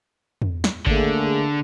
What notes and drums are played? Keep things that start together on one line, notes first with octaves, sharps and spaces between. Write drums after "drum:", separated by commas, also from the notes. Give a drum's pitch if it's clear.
drum: tom E2
drum: snare
D3 A3 A#3 G#4, drum: kick G#1